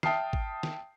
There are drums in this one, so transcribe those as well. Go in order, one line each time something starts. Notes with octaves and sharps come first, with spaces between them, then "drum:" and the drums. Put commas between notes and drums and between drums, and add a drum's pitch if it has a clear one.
E5 G5 A5 D#6 F6 C7, drum: snare
drum: kick
drum: snare